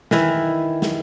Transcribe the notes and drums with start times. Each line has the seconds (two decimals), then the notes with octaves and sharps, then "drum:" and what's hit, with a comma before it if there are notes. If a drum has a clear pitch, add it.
0.11 D#3 E3 E4, drum: snare
0.82 drum: snare